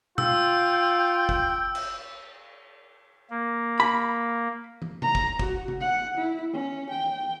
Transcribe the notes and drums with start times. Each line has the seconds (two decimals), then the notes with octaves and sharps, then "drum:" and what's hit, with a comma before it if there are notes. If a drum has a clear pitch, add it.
0.18 F4 G5 E6, drum: tom B2
1.29 drum: kick G1
1.75 drum: cymbal
3.30 A#3
3.80 B5
4.82 drum: tom
5.02 A#5, drum: tom
5.15 drum: kick G1
5.39 F#4, drum: kick G1
5.68 drum: tom
5.81 F#5
6.17 E4
6.53 C#4
6.90 G5